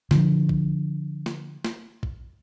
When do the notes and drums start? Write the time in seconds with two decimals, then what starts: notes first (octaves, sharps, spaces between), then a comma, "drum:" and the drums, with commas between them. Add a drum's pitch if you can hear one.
0.11 D3 F3, drum: snare
0.49 drum: kick
1.26 drum: snare
1.65 drum: snare
2.03 drum: kick